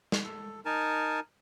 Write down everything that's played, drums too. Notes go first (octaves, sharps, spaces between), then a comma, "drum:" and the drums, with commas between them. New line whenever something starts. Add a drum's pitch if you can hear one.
drum: snare
A4
D#4 A#4 G#5 A5